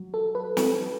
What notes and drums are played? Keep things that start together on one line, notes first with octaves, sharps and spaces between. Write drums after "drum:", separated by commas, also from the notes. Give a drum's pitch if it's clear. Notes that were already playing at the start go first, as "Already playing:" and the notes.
Already playing: F#3
A4
B4
A4, drum: snare